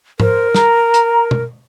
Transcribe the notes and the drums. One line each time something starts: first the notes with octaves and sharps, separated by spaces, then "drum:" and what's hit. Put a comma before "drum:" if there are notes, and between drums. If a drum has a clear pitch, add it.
A#4 C5, drum: tom G#2
A#5, drum: snare
drum: hi-hat
drum: tom